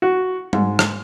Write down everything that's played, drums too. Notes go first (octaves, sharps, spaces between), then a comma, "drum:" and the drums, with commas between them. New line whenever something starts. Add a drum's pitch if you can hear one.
F#4
G#2, drum: tom G3
drum: rim click